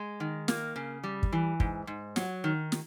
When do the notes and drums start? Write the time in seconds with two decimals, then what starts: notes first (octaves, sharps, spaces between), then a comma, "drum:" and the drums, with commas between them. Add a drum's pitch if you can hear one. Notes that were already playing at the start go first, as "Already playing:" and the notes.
Already playing: G#3
0.20 D#3
0.48 A#3, drum: snare
0.76 C#3
1.04 G3
1.23 drum: kick
1.33 E3
1.60 G#2, drum: kick
1.87 G#2
2.16 F#3, drum: snare
2.44 D#3
2.72 drum: snare